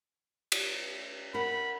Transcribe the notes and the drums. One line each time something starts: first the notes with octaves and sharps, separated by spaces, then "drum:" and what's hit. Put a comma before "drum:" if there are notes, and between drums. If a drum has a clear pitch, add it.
drum: cymbal
A#4 F#5 B5